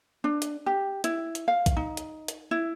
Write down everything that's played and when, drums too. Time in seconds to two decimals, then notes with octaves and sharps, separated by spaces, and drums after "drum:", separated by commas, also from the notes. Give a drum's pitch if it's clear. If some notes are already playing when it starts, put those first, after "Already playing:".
0.24 D4
0.42 drum: hi-hat
0.66 G4
1.04 E4, drum: hi-hat
1.35 drum: hi-hat
1.48 F5
1.66 drum: kick A#1, hi-hat
1.77 D#4
1.97 drum: hi-hat
2.28 drum: hi-hat
2.51 E4